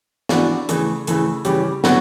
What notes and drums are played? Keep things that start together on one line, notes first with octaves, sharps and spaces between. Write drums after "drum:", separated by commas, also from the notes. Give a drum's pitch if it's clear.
E3 B3 D4 F#4, drum: snare
C#3 E3 A3, drum: hi-hat
C#3 E3 A3, drum: hi-hat
C#3 E3 G3 C#4 G4, drum: hi-hat
D3 F#3 B3 F#4, drum: snare